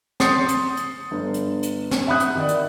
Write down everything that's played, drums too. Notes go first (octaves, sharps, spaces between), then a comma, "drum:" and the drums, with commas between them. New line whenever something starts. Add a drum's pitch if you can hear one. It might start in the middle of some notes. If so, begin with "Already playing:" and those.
C6 D#6 G6 A6 C7 C#7, drum: snare
drum: hi-hat
drum: hi-hat
G1
drum: hi-hat
drum: hi-hat
drum: snare
E5 F#5 B5 D#6 F#6
drum: hi-hat
D#3 D5
drum: hi-hat